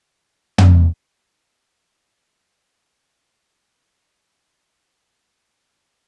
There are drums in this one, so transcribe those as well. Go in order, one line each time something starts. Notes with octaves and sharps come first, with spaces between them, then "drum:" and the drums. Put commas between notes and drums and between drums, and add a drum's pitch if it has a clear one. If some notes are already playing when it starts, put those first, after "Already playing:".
C5
drum: tom
B4 C#5 G5
D5 G#5
F#4
A#4
G#4 A4
G#1 G#3 F4
E2 E3 F3 A#3 B4 C#5